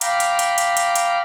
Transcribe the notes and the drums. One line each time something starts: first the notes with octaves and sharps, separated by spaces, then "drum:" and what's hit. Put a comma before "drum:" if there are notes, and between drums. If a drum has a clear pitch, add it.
F5 G5 A#5 B5 D6 F6, drum: hi-hat
drum: hi-hat
drum: hi-hat
drum: hi-hat
drum: hi-hat
drum: hi-hat